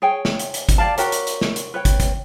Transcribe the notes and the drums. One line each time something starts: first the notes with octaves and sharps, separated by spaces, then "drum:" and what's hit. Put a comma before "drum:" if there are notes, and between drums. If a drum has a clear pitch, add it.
G#4 C#5 G5 G#5
drum: snare
drum: hi-hat
drum: hi-hat
drum: kick, hi-hat
G4 D5 F5 A5
F#4 G4 A#4 C#5, drum: hi-hat
drum: hi-hat
drum: hi-hat
drum: snare
drum: hi-hat
B4 C#5 G5
drum: kick, hi-hat
drum: kick, hi-hat